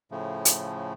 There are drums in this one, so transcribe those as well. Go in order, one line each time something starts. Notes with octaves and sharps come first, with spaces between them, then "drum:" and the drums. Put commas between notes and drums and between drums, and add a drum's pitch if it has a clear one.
A2 C#3 F3 A3
drum: hi-hat